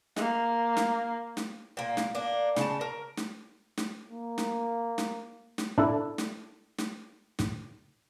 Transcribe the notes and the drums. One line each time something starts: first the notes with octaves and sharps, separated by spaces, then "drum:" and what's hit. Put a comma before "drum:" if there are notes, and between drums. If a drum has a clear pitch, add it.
A#3, drum: snare
drum: snare
drum: snare
A#2 A#3
drum: snare
A#3 D4
C#3 A5, drum: snare
A#4
drum: snare
drum: snare
A#3
drum: snare
drum: snare
drum: snare
D4 E4 A4
drum: snare
drum: snare
drum: snare